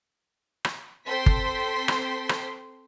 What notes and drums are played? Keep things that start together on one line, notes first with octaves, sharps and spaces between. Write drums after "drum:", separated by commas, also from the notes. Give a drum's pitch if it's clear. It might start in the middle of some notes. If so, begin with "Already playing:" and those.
drum: rim click
C4 A4 C5 G5 C6 B6
drum: kick G1
drum: rim click
drum: rim click